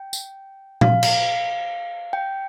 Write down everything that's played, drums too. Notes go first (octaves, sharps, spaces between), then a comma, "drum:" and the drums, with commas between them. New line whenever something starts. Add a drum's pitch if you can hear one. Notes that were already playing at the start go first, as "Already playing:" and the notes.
Already playing: G5
drum: tambourine
F5, drum: tom A#2
drum: cymbal
G5